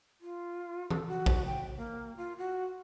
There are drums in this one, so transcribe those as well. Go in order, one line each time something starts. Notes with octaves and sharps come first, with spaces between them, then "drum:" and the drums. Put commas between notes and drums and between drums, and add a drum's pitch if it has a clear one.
F4
A4, drum: tom E3
F#4
drum: kick
G5
A#3
F4
F#4